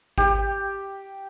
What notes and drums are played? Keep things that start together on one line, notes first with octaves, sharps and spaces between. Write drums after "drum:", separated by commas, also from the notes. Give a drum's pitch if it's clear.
G4, drum: kick G#1